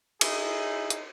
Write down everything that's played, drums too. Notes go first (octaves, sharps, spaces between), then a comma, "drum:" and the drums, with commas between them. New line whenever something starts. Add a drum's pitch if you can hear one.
D#4 E4 G#4, drum: cymbal
drum: hi-hat